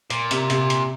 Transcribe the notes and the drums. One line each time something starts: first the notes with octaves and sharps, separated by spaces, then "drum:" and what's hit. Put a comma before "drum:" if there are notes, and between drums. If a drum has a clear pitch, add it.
A#2, drum: hi-hat
C3, drum: hi-hat
C3, drum: hi-hat
drum: hi-hat